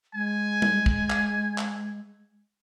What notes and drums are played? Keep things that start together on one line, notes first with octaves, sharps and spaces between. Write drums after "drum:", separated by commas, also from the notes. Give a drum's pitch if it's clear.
G#3 G#5
drum: tom G3
drum: kick
drum: clap
drum: clap